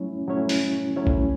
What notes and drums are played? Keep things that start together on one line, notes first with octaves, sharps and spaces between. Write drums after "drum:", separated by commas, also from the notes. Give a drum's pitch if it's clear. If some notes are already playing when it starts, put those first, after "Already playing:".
Already playing: F#3 A3 C#4 E4 C#5
F#3 A3 C#4 E4 C#5
drum: open hi-hat
F#3 A3 C#4 E4 C#5
drum: kick A1